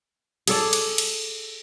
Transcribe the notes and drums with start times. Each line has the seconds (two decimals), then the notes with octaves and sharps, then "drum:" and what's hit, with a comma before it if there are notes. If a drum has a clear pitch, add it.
0.47 G#4 A4 D5, drum: cymbal
0.73 drum: cymbal
0.98 drum: cymbal